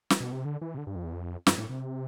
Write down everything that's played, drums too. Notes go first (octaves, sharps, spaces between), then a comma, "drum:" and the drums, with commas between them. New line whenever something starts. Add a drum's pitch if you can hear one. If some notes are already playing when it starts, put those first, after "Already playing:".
drum: snare
B2
C3
D3
E3
C3
D3
G2
F2
E2
F2
G2, drum: snare
A2
C3